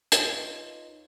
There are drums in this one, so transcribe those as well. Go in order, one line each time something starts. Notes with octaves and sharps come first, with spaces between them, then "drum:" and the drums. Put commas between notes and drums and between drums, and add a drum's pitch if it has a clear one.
D#4 F4 B4 C#5 D#5, drum: hi-hat